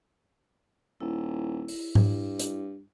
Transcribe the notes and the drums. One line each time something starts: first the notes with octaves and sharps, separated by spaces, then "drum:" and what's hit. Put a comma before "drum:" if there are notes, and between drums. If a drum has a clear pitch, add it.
D#1 E4
drum: open hi-hat
G2, drum: tom G#2
drum: hi-hat